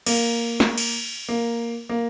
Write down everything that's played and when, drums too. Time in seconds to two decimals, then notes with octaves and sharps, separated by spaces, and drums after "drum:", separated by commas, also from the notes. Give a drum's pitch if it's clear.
0.06 A#3, drum: cymbal
0.60 drum: snare
0.78 drum: cymbal
1.29 A#3
1.89 A#3